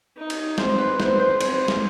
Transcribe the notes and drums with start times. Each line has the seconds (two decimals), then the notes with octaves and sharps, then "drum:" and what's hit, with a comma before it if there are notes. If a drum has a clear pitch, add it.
0.17 D#4
0.30 drum: cymbal
0.58 C4 C5, drum: snare
0.78 B4
1.00 B3 C5, drum: snare
1.10 B4
1.20 C5
1.30 B4
1.41 C4 C5, drum: cymbal
1.68 drum: snare